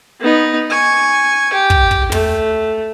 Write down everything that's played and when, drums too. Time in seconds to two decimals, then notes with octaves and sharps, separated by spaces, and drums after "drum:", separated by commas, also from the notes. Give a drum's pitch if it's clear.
0.20 B3 D#4
0.70 G#5 C#6
1.53 G4
1.70 drum: kick
1.91 drum: kick
2.12 A3, drum: tom